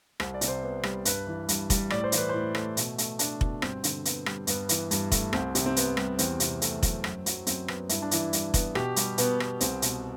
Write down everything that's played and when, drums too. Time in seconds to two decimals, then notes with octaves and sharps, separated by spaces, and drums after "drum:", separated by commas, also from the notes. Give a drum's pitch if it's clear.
0.20 C2 C5, drum: rim click
0.34 D5
0.41 C3, drum: hi-hat
0.48 C5
0.63 B3
0.83 G3, drum: rim click
1.05 G2 B4, drum: hi-hat
1.27 E3
1.49 G2, drum: hi-hat
1.70 G3, drum: kick F1, hi-hat
1.90 A2 D5, drum: rim click
2.04 C5
2.12 E3, drum: hi-hat
2.17 B4
2.29 A2 C5
2.55 A3, drum: rim click
2.77 B2, drum: hi-hat
2.98 A3, drum: hi-hat
3.19 A3 D4, drum: hi-hat
3.41 B2, drum: kick F1
3.62 G2 C4, drum: rim click
3.84 D3, drum: hi-hat
4.05 B3, drum: hi-hat
4.26 G3, drum: rim click
4.47 G2 B3, drum: hi-hat
4.69 E3, drum: hi-hat
4.91 G2, drum: hi-hat
5.12 A3, drum: kick F1, hi-hat
5.33 C2 C4, drum: rim click
5.55 C3, drum: hi-hat
5.66 C4
5.76 B3, drum: hi-hat
5.97 G3, drum: rim click
6.19 E2 C4, drum: hi-hat
6.40 C3, drum: hi-hat
6.62 A3, drum: hi-hat
6.83 F#3, drum: kick F1, hi-hat
7.04 F#2, drum: rim click
7.26 F#3, drum: hi-hat
7.47 F#2 C4, drum: hi-hat
7.68 B3, drum: rim click
7.89 G2 E4, drum: hi-hat
8.02 D4
8.11 E3 E4, drum: hi-hat
8.33 G2, drum: hi-hat
8.54 B3, drum: kick F1, hi-hat
8.75 B2 G4, drum: rim click
8.96 G3, drum: hi-hat
9.18 B2 B3, drum: hi-hat
9.40 B3, drum: rim click
9.60 C2 C4, drum: hi-hat
9.82 B2, drum: hi-hat